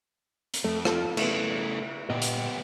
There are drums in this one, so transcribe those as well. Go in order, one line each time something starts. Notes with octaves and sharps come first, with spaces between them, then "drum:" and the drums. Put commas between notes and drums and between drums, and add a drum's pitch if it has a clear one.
drum: hi-hat
F2 A3
F4 A4, drum: rim click
C#3 A3 B3 E4, drum: cymbal
A#2 B3 G4 D#5
drum: hi-hat